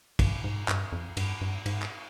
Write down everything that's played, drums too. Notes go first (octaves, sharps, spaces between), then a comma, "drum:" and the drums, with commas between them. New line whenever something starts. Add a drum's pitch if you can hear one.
G2, drum: kick, cymbal
G#2
G2, drum: clap
F2
G2, drum: cymbal
G2
G#2, drum: cymbal
drum: clap